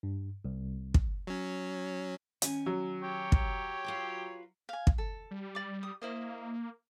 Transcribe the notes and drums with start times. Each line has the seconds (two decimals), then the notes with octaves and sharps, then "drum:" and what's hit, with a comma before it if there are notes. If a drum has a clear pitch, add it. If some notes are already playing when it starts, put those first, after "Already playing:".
0.03 G2
0.45 C2
0.94 drum: kick
1.27 F#3 C#4
2.42 D#3 C#4 G#5, drum: hi-hat
2.66 F#3
3.02 G4 C#5
3.32 drum: kick
3.84 F4 F#4 B4
4.69 F5 G#5
4.87 drum: kick
4.98 A4
5.31 G3
5.55 D5 D6
5.83 D#6
6.02 A#3 E4 C5 D#5